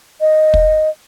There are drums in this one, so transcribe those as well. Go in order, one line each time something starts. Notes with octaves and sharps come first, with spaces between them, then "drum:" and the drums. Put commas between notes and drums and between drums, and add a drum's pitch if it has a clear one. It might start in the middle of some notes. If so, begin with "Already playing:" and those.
D#5
drum: kick